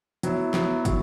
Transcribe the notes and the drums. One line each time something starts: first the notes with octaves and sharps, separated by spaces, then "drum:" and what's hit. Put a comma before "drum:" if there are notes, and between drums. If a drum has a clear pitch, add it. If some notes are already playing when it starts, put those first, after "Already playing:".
F#3 B3 E4, drum: hi-hat
F#3 B3 E4, drum: snare
F#3, drum: kick, hi-hat